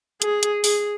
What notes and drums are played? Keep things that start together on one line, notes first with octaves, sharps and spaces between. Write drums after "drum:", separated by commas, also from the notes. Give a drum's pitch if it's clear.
G#4, drum: hi-hat
drum: hi-hat
G#4, drum: open hi-hat